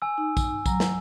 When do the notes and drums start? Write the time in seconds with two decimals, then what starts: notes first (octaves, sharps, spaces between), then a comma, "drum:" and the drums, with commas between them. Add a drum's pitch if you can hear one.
0.02 G#5 E6
0.18 D#4
0.37 drum: kick A#1, tambourine
0.66 F#3 A#5, drum: kick A#1, tambourine
0.80 drum: snare